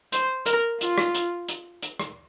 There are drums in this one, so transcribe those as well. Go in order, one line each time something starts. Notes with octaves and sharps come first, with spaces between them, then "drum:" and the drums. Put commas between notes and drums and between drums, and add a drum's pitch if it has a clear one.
C5, drum: hi-hat
A#4, drum: hi-hat
F4, drum: hi-hat
drum: rim click
drum: hi-hat
drum: hi-hat
drum: hi-hat
drum: rim click